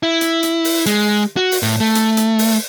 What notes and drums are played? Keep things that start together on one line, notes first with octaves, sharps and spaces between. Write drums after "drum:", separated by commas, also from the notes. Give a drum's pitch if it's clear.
E4
drum: hi-hat
drum: hi-hat
drum: open hi-hat
G#3, drum: hi-hat
F#4
drum: open hi-hat
A2
A3
drum: hi-hat
drum: hi-hat
drum: open hi-hat